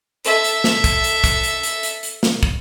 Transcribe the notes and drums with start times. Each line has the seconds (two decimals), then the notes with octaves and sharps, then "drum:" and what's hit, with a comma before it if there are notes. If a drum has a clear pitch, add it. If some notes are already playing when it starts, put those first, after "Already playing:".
0.25 A4 E5, drum: hi-hat
0.44 drum: hi-hat
0.64 drum: snare
0.84 drum: kick, hi-hat
1.04 drum: hi-hat
1.24 drum: kick, hi-hat
1.44 drum: hi-hat
1.63 drum: hi-hat
1.83 drum: hi-hat
2.03 drum: hi-hat
2.23 drum: snare
2.43 drum: kick